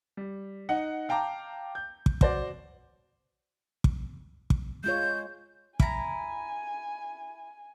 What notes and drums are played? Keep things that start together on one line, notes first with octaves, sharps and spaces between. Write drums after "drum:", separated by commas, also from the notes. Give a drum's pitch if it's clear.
G3
D#4 F#5
F5 G5 A5 A#5 D6
G6
drum: kick
F#4 C5 D5, drum: kick
drum: kick
drum: kick
G#3 F4 C#5 G6
E4 G#5 A#5, drum: kick